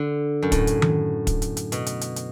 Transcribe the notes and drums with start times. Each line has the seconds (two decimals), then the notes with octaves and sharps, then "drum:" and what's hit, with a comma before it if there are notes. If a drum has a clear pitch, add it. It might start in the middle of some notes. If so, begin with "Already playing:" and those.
Already playing: D3
0.43 F#2
0.52 A2, drum: kick, hi-hat
0.67 drum: hi-hat
0.82 drum: tom D#3
1.27 drum: kick, hi-hat
1.42 drum: hi-hat
1.57 drum: hi-hat
1.72 B2, drum: hi-hat
1.86 drum: hi-hat
2.01 drum: hi-hat
2.16 drum: hi-hat